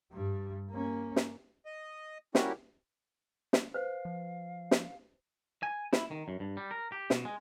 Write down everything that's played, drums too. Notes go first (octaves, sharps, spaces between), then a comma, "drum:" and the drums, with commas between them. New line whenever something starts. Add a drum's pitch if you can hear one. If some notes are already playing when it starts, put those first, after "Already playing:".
G2 G3
A#3 C#4
drum: snare
D#5
G3 A#3 C#4 E4 F#4 G4, drum: snare
drum: snare
B4 C5 F5
F3
drum: snare
G#5
E4, drum: snare
D#3
F#2
G2
G3
A#4
G4
B2, drum: snare
G#3